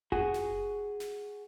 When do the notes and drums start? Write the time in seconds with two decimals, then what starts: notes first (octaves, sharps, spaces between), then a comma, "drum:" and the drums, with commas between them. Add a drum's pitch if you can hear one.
0.12 F#4 G#4, drum: kick F#1
0.34 drum: snare
1.00 drum: snare